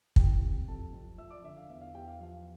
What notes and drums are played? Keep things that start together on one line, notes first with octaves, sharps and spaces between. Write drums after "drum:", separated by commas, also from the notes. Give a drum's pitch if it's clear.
E3 G4 G5, drum: kick
C3
F2 A4 A5
F2
F3 E5 E6
D5 D6
D3 E5
F5
E2 E5
F5
E2 G4 G5
F5
F3 F5